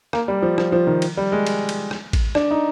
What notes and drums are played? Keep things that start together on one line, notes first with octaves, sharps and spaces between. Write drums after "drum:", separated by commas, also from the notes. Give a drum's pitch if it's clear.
A#3, drum: rim click
G3
F3
F3, drum: rim click
F3
D#3
drum: cymbal
G3
G#3
drum: cymbal
drum: cymbal
drum: rim click
drum: kick A1, cymbal
D4, drum: rim click
D#4